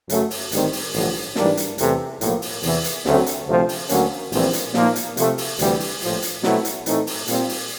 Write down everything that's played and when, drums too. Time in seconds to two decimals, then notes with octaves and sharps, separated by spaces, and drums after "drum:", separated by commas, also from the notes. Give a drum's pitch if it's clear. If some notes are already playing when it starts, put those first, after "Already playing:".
0.10 F#2 C#3 F#3 A3, drum: hi-hat
0.31 drum: open hi-hat
0.52 A1 G#2 D#3 G3 C4, drum: hi-hat
0.73 drum: open hi-hat
0.94 A1 G2 D3 F3, drum: open hi-hat
1.36 G#2 E3 G3 A#3 D4, drum: snare
1.57 drum: hi-hat
1.78 E2 C3 E3 A3, drum: hi-hat
2.21 B1 A2 F3 A#3, drum: hi-hat
2.42 drum: open hi-hat
2.63 E2 C3 E3, drum: open hi-hat
2.84 drum: hi-hat
3.05 D2 C#3 F#3 A3 C4, drum: snare
3.26 drum: hi-hat
3.47 D2 C3 F3 A3 C4
3.69 drum: open hi-hat
3.89 D2 D3 F#3 A#3 C#4, drum: hi-hat
4.32 A#1 A2 E3 G3 C4, drum: open hi-hat
4.53 drum: hi-hat
4.74 A#2 F3 A#3 D#4, drum: snare
4.96 drum: hi-hat
5.17 C3 F3 A3, drum: hi-hat
5.38 drum: open hi-hat
5.59 D2 C3 E3 G3, drum: hi-hat
5.80 drum: open hi-hat
6.02 A#1 A2 F3, drum: open hi-hat
6.22 drum: hi-hat
6.43 B2 F#3 A3 C4 E4, drum: snare
6.65 drum: hi-hat
6.86 A2 E3 A3 C4 D#4, drum: hi-hat
7.07 drum: open hi-hat
7.27 A#2 G3 C4 F4, drum: hi-hat
7.49 drum: open hi-hat